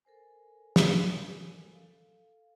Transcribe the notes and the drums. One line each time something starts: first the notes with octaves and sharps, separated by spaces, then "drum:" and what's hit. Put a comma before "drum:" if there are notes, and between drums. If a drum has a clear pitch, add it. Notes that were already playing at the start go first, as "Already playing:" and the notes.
A4 A#4 C5 G#5
drum: snare
A4 F5